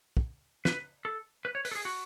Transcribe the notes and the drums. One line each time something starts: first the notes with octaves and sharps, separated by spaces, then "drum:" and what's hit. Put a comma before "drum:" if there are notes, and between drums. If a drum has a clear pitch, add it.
drum: kick
B4, drum: snare
A4
B4
C#5
B4, drum: open hi-hat
A4
G#4
F#4